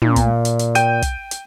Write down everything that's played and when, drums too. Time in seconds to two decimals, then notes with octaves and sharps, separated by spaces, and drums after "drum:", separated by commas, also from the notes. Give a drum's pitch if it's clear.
0.02 A#2, drum: tom
0.16 drum: kick, hi-hat
0.45 drum: hi-hat
0.59 drum: hi-hat
0.75 G5 G6 D#7, drum: hi-hat
1.02 drum: kick, hi-hat
1.31 drum: hi-hat